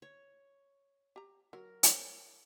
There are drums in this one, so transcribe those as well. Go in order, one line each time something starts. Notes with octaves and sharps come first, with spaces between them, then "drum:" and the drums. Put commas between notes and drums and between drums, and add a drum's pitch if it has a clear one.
C#5
G4 A#5
F#3 A#4
C5 C#5, drum: hi-hat